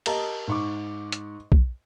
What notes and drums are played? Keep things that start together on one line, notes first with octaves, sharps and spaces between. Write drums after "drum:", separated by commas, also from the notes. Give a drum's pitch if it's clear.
G4 A#4 D#5 A5 A#5, drum: cymbal
G#2 C#6 D6
drum: hi-hat
drum: kick B1